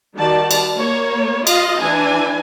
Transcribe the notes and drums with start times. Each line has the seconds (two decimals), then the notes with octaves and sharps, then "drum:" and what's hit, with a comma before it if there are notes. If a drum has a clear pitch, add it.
0.16 D#3 G3 F#4 D5 A5
0.51 drum: cymbal
0.78 A#3 C#5
1.47 F4 D#5 F5, drum: cymbal
1.80 E3 D4 G#5